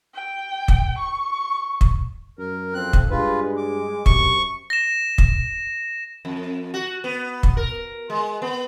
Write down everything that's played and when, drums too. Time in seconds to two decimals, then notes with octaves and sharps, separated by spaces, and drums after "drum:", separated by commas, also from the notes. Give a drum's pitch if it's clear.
0.14 G5
0.68 drum: kick
0.99 C#6
1.81 drum: kick
2.39 F#2 A#4
2.74 F2 C4 F#6
2.93 drum: kick
3.10 G2 G#3 F4 B4
3.57 D6
4.06 F#2 C3 C#6, drum: kick
4.70 A#6 E7
5.18 drum: kick
6.25 F2
6.74 F#4
7.04 B3
7.43 drum: kick
7.57 A#4
8.10 G#3
8.42 B3